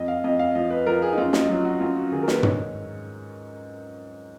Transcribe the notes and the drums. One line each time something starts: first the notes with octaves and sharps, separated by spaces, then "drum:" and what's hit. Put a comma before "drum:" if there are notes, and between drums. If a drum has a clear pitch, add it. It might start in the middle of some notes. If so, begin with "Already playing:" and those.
Already playing: F2 D#5
F5
F2 D#5
F5
F3 D#5
B4
F3 A#4
G#4
D#4
F#2 F4
D#4, drum: snare
F#3 F4
F#4
F#2 F4
F#4
D#3 G#4
A#4
B4, drum: snare
G#2 C#5, drum: tom